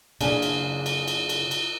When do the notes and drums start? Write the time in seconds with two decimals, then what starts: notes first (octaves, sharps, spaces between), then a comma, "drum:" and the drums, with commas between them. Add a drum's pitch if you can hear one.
0.21 F#1 C#3 D4 G#5, drum: cymbal
0.42 drum: cymbal
0.86 drum: cymbal
1.08 drum: cymbal
1.29 drum: cymbal
1.51 drum: cymbal